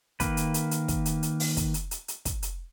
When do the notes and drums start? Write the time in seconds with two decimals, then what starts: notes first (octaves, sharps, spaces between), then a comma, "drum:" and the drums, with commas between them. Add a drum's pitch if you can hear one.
0.20 D#3 A#3 B4, drum: kick, hi-hat
0.37 drum: hi-hat
0.54 drum: hi-hat
0.71 drum: hi-hat
0.88 drum: kick, hi-hat
1.05 drum: hi-hat
1.23 drum: hi-hat
1.40 drum: open hi-hat
1.57 drum: kick, hi-hat
1.74 drum: hi-hat
1.91 drum: hi-hat
2.08 drum: hi-hat
2.25 drum: kick, hi-hat
2.42 drum: hi-hat